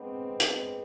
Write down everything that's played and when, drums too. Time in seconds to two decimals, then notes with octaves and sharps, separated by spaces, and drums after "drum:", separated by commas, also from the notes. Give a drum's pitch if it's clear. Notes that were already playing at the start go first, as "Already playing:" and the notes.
Already playing: G#3 B3 C4 D4
0.40 drum: hi-hat